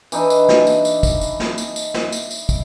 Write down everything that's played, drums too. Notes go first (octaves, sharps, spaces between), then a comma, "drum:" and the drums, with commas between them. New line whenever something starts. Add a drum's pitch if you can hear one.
E3 D4 D#4, drum: tambourine
drum: tambourine
drum: snare
drum: tambourine
drum: tambourine
drum: kick, tambourine
drum: tambourine
drum: snare
drum: tambourine
drum: tambourine
drum: snare
drum: tambourine
drum: tambourine
drum: kick, tambourine